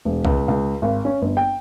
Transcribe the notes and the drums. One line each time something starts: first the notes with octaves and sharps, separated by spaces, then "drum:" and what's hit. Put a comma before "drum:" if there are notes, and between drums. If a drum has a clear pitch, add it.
E1
C#2, drum: kick C2
C#2
G#1
C#4
G1
G5